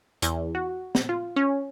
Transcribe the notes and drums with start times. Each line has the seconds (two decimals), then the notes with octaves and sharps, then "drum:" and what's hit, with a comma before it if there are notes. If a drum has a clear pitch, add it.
0.22 E2, drum: hi-hat
0.55 F#4
0.95 drum: snare
1.09 F4
1.36 C#4